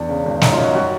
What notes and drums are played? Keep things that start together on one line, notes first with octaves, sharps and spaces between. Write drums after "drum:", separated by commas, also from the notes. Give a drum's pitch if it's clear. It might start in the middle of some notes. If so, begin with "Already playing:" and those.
Already playing: E2 D4
C#3
G#1
F#2 D#4, drum: snare
F4
F#2
F#4
G3 F#4